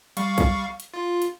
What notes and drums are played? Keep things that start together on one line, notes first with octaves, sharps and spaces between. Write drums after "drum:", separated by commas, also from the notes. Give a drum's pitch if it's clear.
G3 F5 C#6, drum: hi-hat
drum: kick B1, hi-hat
drum: hi-hat
F4
drum: hi-hat